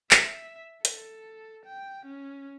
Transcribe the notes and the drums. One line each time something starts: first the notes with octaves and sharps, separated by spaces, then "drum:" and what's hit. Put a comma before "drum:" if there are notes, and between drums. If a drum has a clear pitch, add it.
E5, drum: clap
A4, drum: hi-hat
G5
C#4